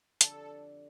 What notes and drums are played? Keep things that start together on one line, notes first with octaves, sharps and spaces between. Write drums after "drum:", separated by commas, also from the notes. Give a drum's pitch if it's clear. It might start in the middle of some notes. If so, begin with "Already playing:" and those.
F2 D3 G3 A4, drum: hi-hat